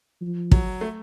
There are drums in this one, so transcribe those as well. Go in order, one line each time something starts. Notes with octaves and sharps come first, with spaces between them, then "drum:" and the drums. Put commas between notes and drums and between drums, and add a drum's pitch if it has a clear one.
F3
F#3, drum: kick
A3